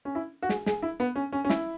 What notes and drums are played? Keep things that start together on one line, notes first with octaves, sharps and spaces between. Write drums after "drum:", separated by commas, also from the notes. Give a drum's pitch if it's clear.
C#4
E4
F#4
G#4, drum: snare
G#4, drum: snare
E4
B3
C#4
C#4
C#4
E4, drum: snare